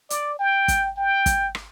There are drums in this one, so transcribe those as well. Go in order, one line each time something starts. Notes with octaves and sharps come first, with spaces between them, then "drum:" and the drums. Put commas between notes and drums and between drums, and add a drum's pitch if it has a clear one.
D5, drum: hi-hat
G5
drum: kick, hi-hat
G5
drum: kick, hi-hat
drum: rim click